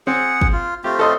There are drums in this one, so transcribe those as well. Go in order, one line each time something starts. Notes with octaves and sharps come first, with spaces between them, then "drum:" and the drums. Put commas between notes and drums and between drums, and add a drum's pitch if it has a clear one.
C4 G#4 F#5
drum: kick
F4
A3 C4 F4 G4
A4 D#5 C6